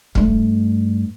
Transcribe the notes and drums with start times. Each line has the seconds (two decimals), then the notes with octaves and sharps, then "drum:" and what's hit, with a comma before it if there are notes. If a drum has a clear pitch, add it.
0.15 G2 A3, drum: kick